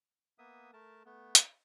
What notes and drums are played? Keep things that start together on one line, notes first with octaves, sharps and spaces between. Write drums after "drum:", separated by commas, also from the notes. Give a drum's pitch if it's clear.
A#3 B3 E5 D#6
A3 A#4 A5
A3 B3
drum: hi-hat